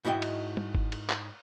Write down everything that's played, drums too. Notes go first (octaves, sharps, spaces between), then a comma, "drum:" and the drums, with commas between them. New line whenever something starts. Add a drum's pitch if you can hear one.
G#2 E4 F#4 D#5 G5
drum: cymbal
drum: tom
drum: kick G1
drum: cymbal
drum: clap